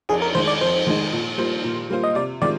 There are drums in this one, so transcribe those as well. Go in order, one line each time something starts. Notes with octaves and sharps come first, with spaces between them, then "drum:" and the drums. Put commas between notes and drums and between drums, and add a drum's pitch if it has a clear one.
F2 G#4, drum: cymbal
A#4
D#3 G#3 D#4 C5
D5
F2 C5
D#3 G#3 D#4
A#2
G3 A#3 F4 C5
A#2
G3 A#3 F4 C5
D#5
C3 D5
D#3 G#3 C4 F4 D5